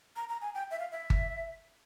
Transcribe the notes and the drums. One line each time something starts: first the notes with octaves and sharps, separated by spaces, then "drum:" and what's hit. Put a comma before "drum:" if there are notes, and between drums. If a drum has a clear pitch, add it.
A#5
A#5
G#5
G5
E5
F5
E5
drum: kick G1